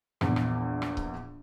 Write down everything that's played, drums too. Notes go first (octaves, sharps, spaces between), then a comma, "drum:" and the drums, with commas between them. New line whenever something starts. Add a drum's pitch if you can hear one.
A#1 E2, drum: rim click
drum: rim click
drum: rim click
drum: kick C#1